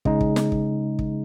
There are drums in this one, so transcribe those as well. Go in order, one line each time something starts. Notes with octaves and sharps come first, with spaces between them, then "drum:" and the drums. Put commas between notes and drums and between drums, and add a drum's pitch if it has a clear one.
C#3 G#3 D#4, drum: kick
drum: kick
drum: snare
drum: kick
drum: kick